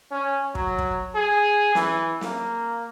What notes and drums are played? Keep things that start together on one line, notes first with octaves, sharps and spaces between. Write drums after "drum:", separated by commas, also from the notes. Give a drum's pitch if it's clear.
C#4
F#3, drum: kick
drum: kick
G#4
E3, drum: snare
A#3, drum: snare